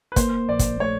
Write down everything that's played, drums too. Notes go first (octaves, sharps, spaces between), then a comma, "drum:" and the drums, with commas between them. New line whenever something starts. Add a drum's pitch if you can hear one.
B4
A#3 C5, drum: kick, hi-hat
A#1 D5
drum: kick, hi-hat
A3 C#5